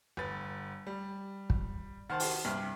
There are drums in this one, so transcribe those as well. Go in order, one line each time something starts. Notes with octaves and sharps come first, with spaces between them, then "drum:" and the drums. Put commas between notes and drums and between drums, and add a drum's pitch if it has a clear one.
G1 B4 A6
G3
drum: kick
D#3 C5 F#5 A5 F6
drum: open hi-hat
C2 G2 F6